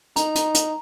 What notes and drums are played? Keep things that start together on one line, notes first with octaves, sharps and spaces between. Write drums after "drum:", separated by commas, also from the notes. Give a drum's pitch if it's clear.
D#4 A#5, drum: hi-hat
drum: hi-hat
drum: hi-hat